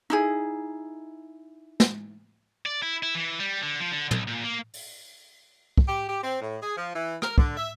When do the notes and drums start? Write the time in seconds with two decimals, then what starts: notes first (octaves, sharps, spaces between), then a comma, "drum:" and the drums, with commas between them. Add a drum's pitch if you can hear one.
0.10 D#4 E4 G#4
1.80 drum: snare
2.66 D5
2.82 E4
3.03 E4
3.15 E3
3.40 G3
3.63 D3
3.80 F3
3.92 D3
4.11 B1, drum: tom
4.28 A#2
4.44 A#3
4.74 drum: open hi-hat
5.78 drum: kick
5.87 G4
6.08 G4
6.22 C4
6.41 A2
6.61 G#4
6.76 F3
6.94 E3
7.22 A#4, drum: rim click
7.38 D3, drum: kick
7.57 E5